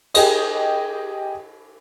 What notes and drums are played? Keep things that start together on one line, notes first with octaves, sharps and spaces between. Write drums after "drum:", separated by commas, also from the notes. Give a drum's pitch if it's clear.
G4 G#4 D#5, drum: cymbal